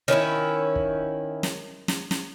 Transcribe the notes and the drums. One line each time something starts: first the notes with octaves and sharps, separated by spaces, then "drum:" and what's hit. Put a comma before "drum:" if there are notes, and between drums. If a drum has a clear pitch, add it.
D#3 C#4 D#4 E4
drum: kick
drum: snare
drum: snare
drum: snare